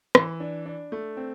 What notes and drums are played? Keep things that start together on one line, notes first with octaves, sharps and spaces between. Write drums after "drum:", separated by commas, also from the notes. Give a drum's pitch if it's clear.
E3, drum: rim click
D4
D4
A3
C4